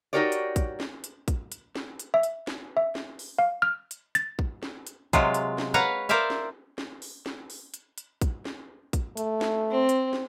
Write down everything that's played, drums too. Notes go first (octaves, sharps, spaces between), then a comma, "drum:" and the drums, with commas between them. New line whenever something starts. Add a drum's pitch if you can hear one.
D#4 F#4 G4 A#4 C#5 D5
drum: hi-hat
drum: kick, hi-hat
drum: snare
drum: hi-hat
drum: kick, hi-hat
drum: hi-hat
drum: snare
drum: hi-hat
E5
drum: hi-hat
drum: snare
E5
drum: snare
drum: open hi-hat
F5
F6
drum: hi-hat
A6, drum: hi-hat
drum: kick
drum: snare
drum: hi-hat
C3 F#3 G#3 F4, drum: kick, hi-hat
drum: hi-hat
drum: snare
B4 C#5 F5 F#5 A#5
A#4 C5 D5 E5 F5
drum: snare
drum: snare
drum: open hi-hat
drum: snare
drum: open hi-hat
drum: hi-hat
drum: hi-hat
drum: kick, hi-hat
drum: snare
drum: kick, hi-hat
A3, drum: hi-hat
drum: snare
C4
drum: hi-hat
drum: snare